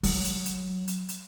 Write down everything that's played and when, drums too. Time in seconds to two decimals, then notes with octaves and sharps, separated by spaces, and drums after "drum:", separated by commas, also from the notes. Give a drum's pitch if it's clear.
0.03 F#3, drum: kick, open hi-hat
0.24 drum: hi-hat
0.45 drum: hi-hat
0.88 drum: hi-hat
1.09 drum: hi-hat